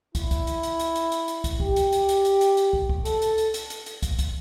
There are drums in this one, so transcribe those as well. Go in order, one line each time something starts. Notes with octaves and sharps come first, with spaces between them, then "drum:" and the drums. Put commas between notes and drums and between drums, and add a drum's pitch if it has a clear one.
E4, drum: kick, hi-hat
drum: kick, hi-hat
drum: hi-hat
drum: hi-hat
drum: hi-hat
drum: hi-hat
drum: hi-hat
drum: hi-hat
drum: kick, hi-hat
G4, drum: kick
drum: hi-hat
drum: hi-hat
drum: hi-hat
drum: hi-hat
drum: hi-hat
drum: hi-hat
drum: kick
drum: kick
A4, drum: hi-hat
drum: hi-hat
drum: hi-hat
drum: hi-hat
drum: hi-hat
drum: hi-hat
drum: kick, hi-hat
drum: kick, hi-hat